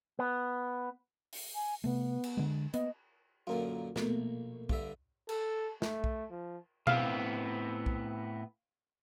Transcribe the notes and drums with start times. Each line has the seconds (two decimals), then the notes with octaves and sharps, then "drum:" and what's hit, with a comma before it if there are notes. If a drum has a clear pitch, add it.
0.19 B3
1.33 drum: open hi-hat
1.55 G#5
1.84 C3 A3 B3
2.24 drum: cymbal
2.37 D3 G#3
2.74 A#3 B3 D#5, drum: hi-hat
3.47 F#2 A#2 D3 F4 A#4
3.96 A#1 B2 A3 A#3, drum: snare
4.69 G2 D3 E5, drum: kick
5.29 A4, drum: cymbal
5.82 A3, drum: snare
6.04 drum: kick
6.30 F3
6.87 A2 B3 C4 F5, drum: tom B2
7.86 drum: kick